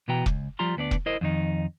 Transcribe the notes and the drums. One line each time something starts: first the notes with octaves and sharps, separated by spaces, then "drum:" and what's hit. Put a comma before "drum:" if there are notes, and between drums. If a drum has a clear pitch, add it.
B2 E3 B3 F#4 G5 A#5
C#2, drum: kick
F3 G3 F4 A#5 C6
D2 B3 D4 D5
drum: kick
E4 A#4 C5 D#5
F2 D#3 D#4